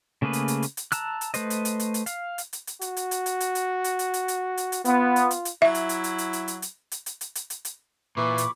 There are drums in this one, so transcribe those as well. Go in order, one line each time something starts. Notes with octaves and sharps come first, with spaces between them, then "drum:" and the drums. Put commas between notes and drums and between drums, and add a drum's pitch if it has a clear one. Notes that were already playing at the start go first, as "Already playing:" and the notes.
C#3 A3 A#3 G#4 B4
drum: hi-hat
drum: hi-hat
drum: hi-hat
drum: hi-hat
A5 A#5 E6 F#6, drum: hi-hat
drum: hi-hat
A3 B4 C5 D#5, drum: hi-hat
drum: hi-hat
drum: hi-hat
drum: hi-hat
drum: hi-hat
F5, drum: hi-hat
drum: hi-hat
drum: hi-hat
drum: hi-hat
F#4, drum: hi-hat
drum: hi-hat
drum: hi-hat
drum: hi-hat
drum: hi-hat
drum: hi-hat
drum: hi-hat
drum: hi-hat
drum: hi-hat
drum: hi-hat
drum: hi-hat
drum: hi-hat
B3 F4, drum: hi-hat
drum: hi-hat
drum: hi-hat
drum: hi-hat
F#3 E4 E5
drum: hi-hat
drum: hi-hat
drum: hi-hat
drum: hi-hat
drum: hi-hat
drum: hi-hat
drum: hi-hat
drum: hi-hat
drum: hi-hat
drum: hi-hat
drum: hi-hat
drum: hi-hat
drum: hi-hat
A#2 E3 B5 C#6 D6
drum: hi-hat